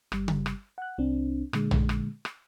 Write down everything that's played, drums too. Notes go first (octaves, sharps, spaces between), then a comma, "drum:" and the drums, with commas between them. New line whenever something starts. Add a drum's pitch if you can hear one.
G1 G3, drum: rim click
drum: tom C#3
drum: rim click
F#5 F#6
C2 C4 D4
A#2 D3 G#3, drum: rim click
drum: tom A#1
drum: rim click
drum: rim click